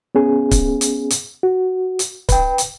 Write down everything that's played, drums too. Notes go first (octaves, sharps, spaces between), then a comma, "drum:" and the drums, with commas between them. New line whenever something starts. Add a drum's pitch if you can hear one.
B3 C#4 G#4
drum: kick C#1, hi-hat
drum: hi-hat
drum: hi-hat
F#4
drum: hi-hat
B4 G5, drum: kick C#1, hi-hat
drum: hi-hat